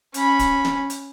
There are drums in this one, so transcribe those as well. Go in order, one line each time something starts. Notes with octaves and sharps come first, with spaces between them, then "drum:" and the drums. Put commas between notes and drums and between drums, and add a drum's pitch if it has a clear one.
C#4 B5, drum: hi-hat
drum: kick D1, hi-hat
drum: snare
drum: hi-hat